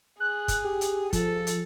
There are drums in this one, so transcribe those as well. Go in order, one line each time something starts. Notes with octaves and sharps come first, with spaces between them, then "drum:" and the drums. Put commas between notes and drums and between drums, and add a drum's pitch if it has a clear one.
G#4 F#6
drum: kick, hi-hat
G4
drum: hi-hat
F3 A4, drum: kick, hi-hat
drum: hi-hat